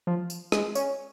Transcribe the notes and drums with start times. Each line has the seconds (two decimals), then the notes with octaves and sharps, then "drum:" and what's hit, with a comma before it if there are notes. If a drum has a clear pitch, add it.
0.07 F3
0.30 drum: tambourine
0.52 G#3, drum: rim click
0.75 C#4, drum: tambourine